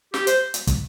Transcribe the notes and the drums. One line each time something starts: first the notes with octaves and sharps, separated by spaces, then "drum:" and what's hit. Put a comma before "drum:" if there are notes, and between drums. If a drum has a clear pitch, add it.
G4, drum: snare
C5, drum: hi-hat
drum: hi-hat
drum: kick, hi-hat